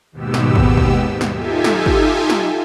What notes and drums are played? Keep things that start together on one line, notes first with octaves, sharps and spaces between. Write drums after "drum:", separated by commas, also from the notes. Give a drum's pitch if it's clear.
D#2 G#2 B2 B3 G4 E6
drum: snare
drum: kick
drum: kick
drum: snare
D#4 F4 G4 A4 E5 G#5
drum: snare
drum: kick
drum: snare